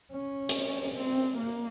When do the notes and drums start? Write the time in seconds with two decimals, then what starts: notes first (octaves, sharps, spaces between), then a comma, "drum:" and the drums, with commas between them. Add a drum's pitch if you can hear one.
0.12 C#4
0.49 drum: hi-hat
0.95 C4
1.38 A#3